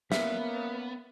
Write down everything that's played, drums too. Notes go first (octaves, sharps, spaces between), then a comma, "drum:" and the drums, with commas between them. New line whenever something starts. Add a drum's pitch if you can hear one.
A#3 B3 C#4 B4 E5, drum: snare